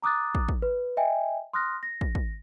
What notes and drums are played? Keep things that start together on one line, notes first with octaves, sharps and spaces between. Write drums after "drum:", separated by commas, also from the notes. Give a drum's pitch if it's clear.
A#5 D6 D#6 F#6 A6
drum: kick
drum: kick
B4
D#5 E5 G5 G#5
C6 D#6 F6 F#6 A#6
A#6
drum: kick
drum: kick